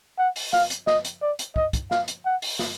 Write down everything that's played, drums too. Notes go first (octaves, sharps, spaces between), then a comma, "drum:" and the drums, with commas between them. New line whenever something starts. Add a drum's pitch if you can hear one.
F#5
drum: open hi-hat
F5, drum: snare
drum: hi-hat
D#5, drum: snare
drum: hi-hat
D5
drum: hi-hat
D#5, drum: kick
drum: kick, hi-hat
F5, drum: snare
drum: hi-hat
F#5
drum: open hi-hat
drum: snare